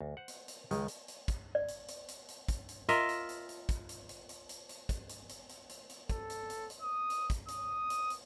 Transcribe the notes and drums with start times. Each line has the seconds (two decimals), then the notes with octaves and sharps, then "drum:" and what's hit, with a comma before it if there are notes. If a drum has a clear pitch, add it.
0.01 D2
0.17 C5 F#5
0.28 drum: hi-hat
0.48 drum: hi-hat
0.71 C#2 D#3 G#3, drum: hi-hat
0.88 drum: hi-hat
1.08 drum: hi-hat
1.28 drum: kick, hi-hat
1.55 D5
1.68 drum: hi-hat
1.88 drum: hi-hat
2.08 drum: hi-hat
2.28 drum: hi-hat
2.48 drum: kick, hi-hat
2.69 drum: hi-hat
2.89 F4 A#4 D#5 E5, drum: hi-hat
3.09 drum: hi-hat
3.29 drum: hi-hat
3.49 drum: hi-hat
3.69 drum: kick, hi-hat
3.89 drum: hi-hat
4.09 drum: hi-hat
4.29 drum: hi-hat
4.49 drum: hi-hat
4.69 drum: hi-hat
4.89 drum: kick, hi-hat
5.09 drum: hi-hat
5.29 drum: hi-hat
5.49 drum: hi-hat
5.69 drum: hi-hat
5.89 drum: hi-hat
6.09 A4, drum: kick, hi-hat
6.30 drum: hi-hat
6.50 drum: hi-hat
6.70 drum: hi-hat
6.82 D#6
7.10 drum: hi-hat
7.30 drum: kick, hi-hat
7.48 D#6, drum: hi-hat
7.90 drum: hi-hat
8.10 drum: hi-hat